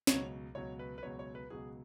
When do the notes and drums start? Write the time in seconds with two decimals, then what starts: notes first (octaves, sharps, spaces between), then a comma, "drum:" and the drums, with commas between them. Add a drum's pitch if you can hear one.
0.07 C#2 B2 F#3 C#5, drum: snare
0.55 C#2 B2 F#3 C#5
0.79 B4
0.98 B4
1.03 C#2 B2 F#3 C#5
1.19 C#5
1.35 B4
1.50 C#2 B2 F#3 G#4